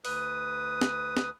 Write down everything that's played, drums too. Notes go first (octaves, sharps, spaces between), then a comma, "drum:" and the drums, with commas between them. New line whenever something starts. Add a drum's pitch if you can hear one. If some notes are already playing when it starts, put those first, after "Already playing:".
D2 B4 D#6, drum: open hi-hat
drum: snare
drum: snare